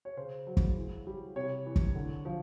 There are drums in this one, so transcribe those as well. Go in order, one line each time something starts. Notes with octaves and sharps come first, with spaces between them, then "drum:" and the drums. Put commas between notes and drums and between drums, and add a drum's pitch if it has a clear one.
C#5
C#3 C5
F#3
drum: kick
E3
G3
C3 C#5
E3
drum: kick
D3
F3